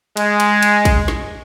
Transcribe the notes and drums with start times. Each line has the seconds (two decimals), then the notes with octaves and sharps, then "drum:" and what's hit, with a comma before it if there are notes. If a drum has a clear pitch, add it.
0.17 G#3, drum: cymbal
0.40 drum: cymbal
0.63 drum: cymbal
0.85 drum: kick, cymbal
1.08 drum: snare